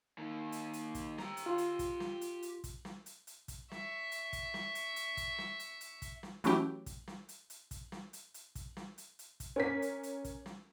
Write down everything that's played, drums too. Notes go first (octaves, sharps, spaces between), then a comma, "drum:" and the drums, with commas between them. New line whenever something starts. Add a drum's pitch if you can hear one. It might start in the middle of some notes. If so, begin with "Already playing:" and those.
D#3 A#3
drum: hi-hat
drum: hi-hat
drum: kick, hi-hat
G4 A#5, drum: snare
drum: hi-hat
F4 C6
drum: hi-hat
drum: kick, hi-hat
drum: snare
drum: hi-hat
drum: hi-hat
drum: kick, hi-hat
drum: snare
drum: hi-hat
drum: hi-hat
drum: kick, hi-hat
E5 C#6, drum: snare
drum: hi-hat
drum: kick, hi-hat
drum: snare
drum: hi-hat
drum: hi-hat
drum: kick, hi-hat
drum: snare
drum: hi-hat
drum: hi-hat
drum: kick, hi-hat
drum: snare
E3 F#3 A3 C#4 E4 G4, drum: hi-hat
drum: kick, hi-hat
drum: snare
drum: hi-hat
drum: hi-hat
drum: kick, hi-hat
drum: snare
drum: hi-hat
drum: hi-hat
drum: kick, hi-hat
drum: snare
drum: hi-hat
drum: hi-hat
drum: kick, hi-hat
C#4 A#4 B6
drum: hi-hat
drum: hi-hat
drum: kick, hi-hat
drum: snare